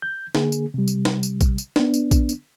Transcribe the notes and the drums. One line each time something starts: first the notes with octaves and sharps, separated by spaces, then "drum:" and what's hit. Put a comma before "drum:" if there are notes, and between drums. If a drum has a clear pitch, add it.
G6
D3 A#3 G#4, drum: snare
drum: tambourine
C3 G3
drum: tambourine
drum: snare
drum: tambourine
drum: kick A#1, tambourine
drum: tambourine
B3 D4, drum: snare
drum: tambourine
drum: kick A#1, tambourine
drum: tambourine